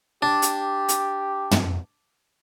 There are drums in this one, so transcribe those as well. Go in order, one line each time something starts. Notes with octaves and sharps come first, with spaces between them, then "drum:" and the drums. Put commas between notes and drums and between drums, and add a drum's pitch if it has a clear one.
D4 G4
drum: hi-hat
drum: hi-hat
drum: tom